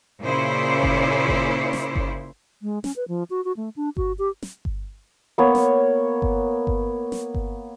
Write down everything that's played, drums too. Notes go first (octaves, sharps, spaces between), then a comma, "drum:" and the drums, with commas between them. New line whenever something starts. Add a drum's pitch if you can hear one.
A#2 C#3 C#4 E4 C5 D5
drum: kick G1
drum: kick G1
drum: snare
drum: kick G1
G#3
C#4, drum: snare
B4
F3
F#4
F#4
A3
D4
F#4, drum: kick G1
G4
drum: snare
drum: kick G1
A#3 B3 C#5
drum: snare
drum: kick G1
drum: kick G1
drum: snare
drum: kick G1